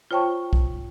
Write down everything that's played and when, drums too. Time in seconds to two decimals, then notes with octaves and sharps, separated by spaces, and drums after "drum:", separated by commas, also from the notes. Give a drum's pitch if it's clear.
0.11 F4 C5 C#5 G5 A5 C#6
0.53 drum: kick